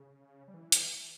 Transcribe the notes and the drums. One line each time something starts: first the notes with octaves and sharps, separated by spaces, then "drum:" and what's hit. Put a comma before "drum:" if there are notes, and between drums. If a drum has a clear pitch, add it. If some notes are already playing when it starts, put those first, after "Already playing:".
Already playing: C#3
G3
E3
drum: hi-hat